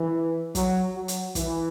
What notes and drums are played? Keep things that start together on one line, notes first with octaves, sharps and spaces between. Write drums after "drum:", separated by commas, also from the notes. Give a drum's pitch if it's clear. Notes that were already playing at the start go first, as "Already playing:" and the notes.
Already playing: E3
F#3, drum: kick, hi-hat
F#3
drum: hi-hat
E3, drum: kick, hi-hat